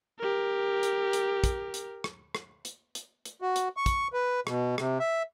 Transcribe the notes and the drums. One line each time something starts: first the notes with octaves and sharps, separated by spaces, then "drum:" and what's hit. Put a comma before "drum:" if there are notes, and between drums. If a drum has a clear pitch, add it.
G4 A#4
drum: hi-hat
drum: hi-hat
drum: kick, hi-hat
drum: hi-hat
drum: rim click
drum: rim click
drum: hi-hat
drum: hi-hat
drum: hi-hat
F#4
drum: hi-hat
C#6
drum: kick, hi-hat
B4
B2, drum: rim click
C3, drum: rim click
E5